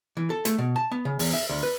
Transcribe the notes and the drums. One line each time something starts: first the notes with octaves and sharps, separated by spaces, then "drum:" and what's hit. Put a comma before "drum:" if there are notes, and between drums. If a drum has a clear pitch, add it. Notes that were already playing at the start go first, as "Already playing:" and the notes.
E3
A4
A3, drum: hi-hat
B2
A5
B3
C#3
E2, drum: open hi-hat
E5
D2
B4